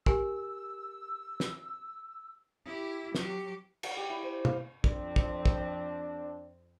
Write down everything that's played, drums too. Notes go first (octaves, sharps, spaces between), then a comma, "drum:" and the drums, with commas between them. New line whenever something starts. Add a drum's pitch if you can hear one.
G4 A#4 G#5 E6, drum: kick
drum: snare
E4 G4
F#3 G4, drum: snare
F#3, drum: cymbal
G4
E4
C5
F5, drum: tom
F2 C4 D4, drum: kick
drum: kick
drum: kick